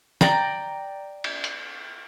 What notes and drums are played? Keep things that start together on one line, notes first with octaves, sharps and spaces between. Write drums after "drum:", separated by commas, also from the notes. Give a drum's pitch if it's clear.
D5 G5 A#5, drum: snare
drum: cymbal
drum: hi-hat